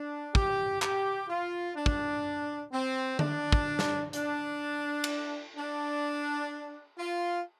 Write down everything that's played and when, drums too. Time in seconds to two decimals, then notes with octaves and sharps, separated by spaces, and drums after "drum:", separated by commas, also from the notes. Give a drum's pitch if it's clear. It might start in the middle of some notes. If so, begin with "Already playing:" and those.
Already playing: D4
0.35 G4, drum: kick
0.82 G4, drum: clap
1.29 F4
1.76 D4
1.86 drum: kick
2.72 C4
3.19 D4, drum: tom D3
3.52 drum: kick
3.79 drum: snare
4.13 D4, drum: hi-hat
5.04 drum: cymbal
5.56 D4
6.99 F4